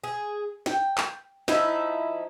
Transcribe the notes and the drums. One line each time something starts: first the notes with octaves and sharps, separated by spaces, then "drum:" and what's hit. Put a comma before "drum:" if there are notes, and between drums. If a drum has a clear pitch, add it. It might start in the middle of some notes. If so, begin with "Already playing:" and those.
G#4
G5, drum: snare
drum: clap
F3 D#4 E4, drum: snare